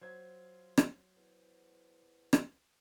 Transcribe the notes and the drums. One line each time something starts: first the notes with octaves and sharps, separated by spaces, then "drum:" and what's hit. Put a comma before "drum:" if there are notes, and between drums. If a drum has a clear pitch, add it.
F#3 F4 C5 G#6
drum: rim click
E2
drum: rim click